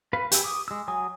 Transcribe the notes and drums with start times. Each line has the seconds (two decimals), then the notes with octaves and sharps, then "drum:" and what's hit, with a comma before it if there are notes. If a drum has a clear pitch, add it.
0.13 B4 F5 B5
0.32 G4 G#4 G#5 E6, drum: hi-hat
0.44 D6 D#6
0.68 G#3 E6
0.88 F#3 G#5 D#6